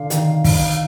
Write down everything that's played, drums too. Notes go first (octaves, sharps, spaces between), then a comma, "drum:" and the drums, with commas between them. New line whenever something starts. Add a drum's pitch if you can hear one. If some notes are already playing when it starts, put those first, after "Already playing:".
Already playing: D3 F5
D#3, drum: hi-hat
drum: kick, open hi-hat